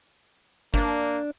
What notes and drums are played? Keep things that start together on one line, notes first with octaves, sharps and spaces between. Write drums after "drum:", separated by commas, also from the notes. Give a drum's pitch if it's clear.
A#3 D4, drum: kick